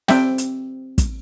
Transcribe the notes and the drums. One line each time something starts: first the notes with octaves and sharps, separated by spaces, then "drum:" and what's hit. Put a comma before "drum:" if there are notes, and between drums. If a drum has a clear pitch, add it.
C4 E5 G5, drum: snare
drum: hi-hat
drum: kick, hi-hat